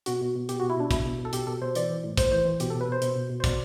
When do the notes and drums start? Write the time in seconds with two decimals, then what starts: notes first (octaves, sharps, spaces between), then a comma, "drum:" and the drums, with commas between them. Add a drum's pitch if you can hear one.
0.06 B2 F#4, drum: hi-hat
0.21 B2
0.35 B2
0.49 B2 G4, drum: hi-hat
0.60 F#4
0.63 B2
0.70 E4
0.77 B2 D4
0.91 B2 E4, drum: kick, hi-hat
1.06 B2
1.19 B2
1.25 A4
1.33 B2 G4, drum: hi-hat
1.47 B2 A4
1.62 B2 C5
1.75 E3 D5, drum: hi-hat
1.90 E3
2.04 A2
2.17 A2 C5, drum: kick, hi-hat
2.32 E3 C5
2.45 E3
2.60 B2 G4, drum: hi-hat
2.70 A4
2.74 B2
2.81 B4
2.88 B2 C5
3.02 B2, drum: hi-hat
3.16 B2
3.30 B2
3.40 C5
3.44 B2 D5, drum: kick, hi-hat